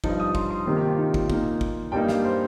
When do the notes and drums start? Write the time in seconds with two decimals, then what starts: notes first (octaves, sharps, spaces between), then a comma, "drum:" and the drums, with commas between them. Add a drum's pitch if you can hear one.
0.04 G2 F3 D#4, drum: kick
0.20 D#6
0.35 C6, drum: kick
0.51 C6
0.66 C3 D#3 A#3 D#4
0.77 G4
0.88 F4
0.99 D#4
1.14 F4, drum: kick
1.30 A#2 A#3 D#4, drum: kick
1.61 drum: kick
1.92 G2 G3 A#3 D#4 G5
2.09 F5, drum: snare
2.25 C5